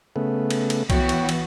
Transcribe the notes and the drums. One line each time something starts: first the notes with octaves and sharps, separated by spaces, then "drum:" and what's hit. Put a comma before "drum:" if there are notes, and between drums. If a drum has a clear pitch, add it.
C#3 A3 B3
drum: cymbal
drum: cymbal
E3 B3 F#4 C#5 G5, drum: kick B1, cymbal
drum: cymbal
drum: cymbal